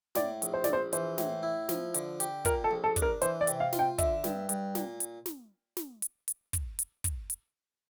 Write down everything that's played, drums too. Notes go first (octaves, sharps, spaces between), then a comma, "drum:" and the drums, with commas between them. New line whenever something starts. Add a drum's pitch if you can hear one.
A2 D5, drum: snare
A#1, drum: hi-hat
C5
A#1 D5, drum: snare
C5
E3 C5, drum: hi-hat
A2, drum: snare
E4
F3, drum: snare
D3, drum: hi-hat
G4, drum: hi-hat
A#2 A#4, drum: kick, hi-hat
A4
A#1
A4
D4, drum: kick, hi-hat
A#4
E3 C5, drum: hi-hat
D5
C3, drum: hi-hat
F5
F4, drum: snare
G5
D3 E5, drum: kick, hi-hat
G2, drum: snare
G2, drum: hi-hat
A#2, drum: snare
drum: hi-hat
drum: snare
drum: snare
drum: hi-hat
drum: hi-hat
drum: kick, hi-hat
drum: hi-hat
drum: kick, hi-hat
drum: hi-hat